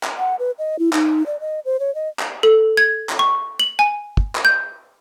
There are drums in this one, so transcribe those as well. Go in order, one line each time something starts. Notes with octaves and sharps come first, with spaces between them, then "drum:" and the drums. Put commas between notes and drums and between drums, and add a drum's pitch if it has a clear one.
drum: clap
F#5
B4
D#5
E4
D#4, drum: clap
D5
D#5
C5
C#5
D#5
drum: clap
A4
G#6
drum: clap
C#6
F#7
G#5
drum: kick
drum: clap
G6